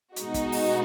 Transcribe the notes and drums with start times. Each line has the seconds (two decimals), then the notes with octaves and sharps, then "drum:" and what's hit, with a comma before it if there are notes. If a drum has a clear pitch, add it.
0.16 B2 G#3 D#4 F#4, drum: hi-hat
0.34 drum: kick, hi-hat
0.52 drum: open hi-hat